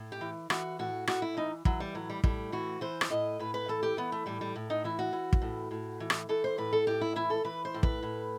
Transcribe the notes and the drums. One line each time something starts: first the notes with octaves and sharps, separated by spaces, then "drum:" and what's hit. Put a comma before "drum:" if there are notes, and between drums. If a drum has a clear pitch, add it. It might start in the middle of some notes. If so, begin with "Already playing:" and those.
Already playing: A2
G4
E3
E3 F#4, drum: rim click
A2 F#4
A2 F#4, drum: rim click
E4
E3 D#4
E3 F#3, drum: kick
G3
A2 F#3
G3
A2 G3, drum: kick
E3 F#4
E3 C5
drum: rim click
A2 D#5
A2 B4
B4
E3 A4
G4
E3 B3
A3
A2 G3
G3
A2
D#4
E3 E4
F#4
E3
drum: kick
A2
A2
E3
drum: rim click
E3 A4
C5
A2 B4
A4
A2 G4
E4
E3 E4
A4
E3 B4
C5
A2
B4, drum: kick
A2